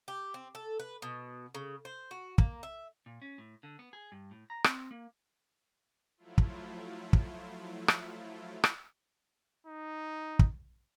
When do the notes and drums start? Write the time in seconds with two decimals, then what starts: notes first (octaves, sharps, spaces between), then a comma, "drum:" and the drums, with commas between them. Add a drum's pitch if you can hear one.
0.08 G4
0.34 C4
0.55 A4
0.80 B4
1.02 B2
1.55 C#3
1.85 C5
2.11 F#4
2.38 A#3, drum: kick
2.63 E5
3.06 A#2
3.22 C#4
3.38 A2
3.63 D3
3.79 B3
3.93 G#4
4.12 G2
4.31 A2
4.50 A#5
4.64 C4, drum: rim click
4.91 A#3
6.17 F3 F#3 A3 E4 F4
6.38 drum: kick
7.13 drum: kick
7.88 drum: rim click
8.64 drum: rim click
9.67 D#4
10.39 drum: kick